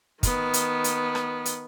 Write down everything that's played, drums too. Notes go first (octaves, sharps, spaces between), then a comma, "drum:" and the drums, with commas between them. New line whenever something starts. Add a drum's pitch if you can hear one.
D#3 B3, drum: kick, hi-hat
drum: hi-hat
drum: hi-hat
drum: rim click
drum: hi-hat